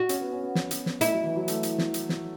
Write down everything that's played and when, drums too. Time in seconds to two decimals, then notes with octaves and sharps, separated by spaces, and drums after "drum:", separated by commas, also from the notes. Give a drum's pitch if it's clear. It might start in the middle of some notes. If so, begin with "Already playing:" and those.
Already playing: F#4
0.09 C#4, drum: hi-hat
0.21 B3
0.32 C#4
0.44 B3
0.55 B3, drum: snare
0.71 drum: hi-hat
0.86 drum: snare
1.01 A3 E4, drum: hi-hat
1.13 F#3
1.24 E3
1.36 F#3
1.48 A3, drum: hi-hat
1.63 drum: hi-hat
1.78 drum: snare
1.94 drum: hi-hat
2.09 drum: snare